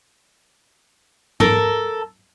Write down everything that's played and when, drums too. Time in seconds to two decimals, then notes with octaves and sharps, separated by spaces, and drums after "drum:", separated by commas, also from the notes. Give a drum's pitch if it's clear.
1.40 A4 A#4, drum: tom